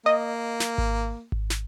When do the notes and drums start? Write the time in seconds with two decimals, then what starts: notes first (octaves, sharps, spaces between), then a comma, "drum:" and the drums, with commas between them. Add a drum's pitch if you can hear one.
0.06 A#3 D#5
0.60 drum: snare
0.78 drum: kick G#1
1.32 drum: kick G#1
1.50 drum: snare